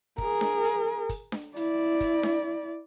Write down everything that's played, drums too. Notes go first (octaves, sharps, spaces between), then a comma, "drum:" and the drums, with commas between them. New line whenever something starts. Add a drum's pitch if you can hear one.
G#4 A#4, drum: kick
drum: snare D4
drum: hi-hat
drum: kick, hi-hat
drum: snare D4
E4 D5, drum: hi-hat
drum: kick, hi-hat
drum: snare D4